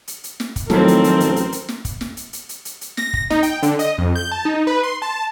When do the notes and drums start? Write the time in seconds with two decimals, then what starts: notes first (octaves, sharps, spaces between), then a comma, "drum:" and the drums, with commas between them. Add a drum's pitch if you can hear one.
0.08 drum: hi-hat
0.24 drum: hi-hat
0.40 drum: snare
0.56 drum: kick, hi-hat
0.70 A2 D#3 F3 F#3 C4 A4 A#4, drum: snare
0.88 drum: hi-hat
1.04 drum: hi-hat
1.20 A1, drum: hi-hat
1.36 drum: hi-hat
1.52 drum: hi-hat
1.69 drum: snare
1.85 drum: kick, hi-hat
2.01 drum: snare
2.17 drum: hi-hat
2.33 drum: hi-hat
2.49 drum: hi-hat
2.65 drum: hi-hat
2.81 drum: hi-hat
2.97 A#6, drum: snare
3.13 drum: kick
3.30 D#4, drum: snare
3.43 G5, drum: hi-hat
3.63 D3, drum: hi-hat
3.79 D#5, drum: hi-hat
3.98 F2
4.16 G6
4.32 A5
4.45 D#4
4.67 B4
4.83 C6
5.02 A5